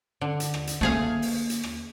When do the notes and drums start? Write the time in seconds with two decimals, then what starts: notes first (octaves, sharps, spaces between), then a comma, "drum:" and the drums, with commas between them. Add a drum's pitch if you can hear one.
0.21 D3
0.40 drum: hi-hat
0.54 drum: rim click
0.67 drum: hi-hat
0.81 A3 A#3 G#4 F5
1.22 drum: open hi-hat
1.50 drum: hi-hat
1.63 drum: rim click